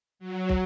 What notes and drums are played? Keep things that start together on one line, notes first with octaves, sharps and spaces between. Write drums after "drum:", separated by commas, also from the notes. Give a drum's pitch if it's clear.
F#3
drum: kick